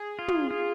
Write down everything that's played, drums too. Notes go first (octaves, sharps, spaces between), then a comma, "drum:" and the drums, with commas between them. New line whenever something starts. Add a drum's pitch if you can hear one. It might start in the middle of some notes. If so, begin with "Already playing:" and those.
Already playing: G#4
F4
drum: tom
F4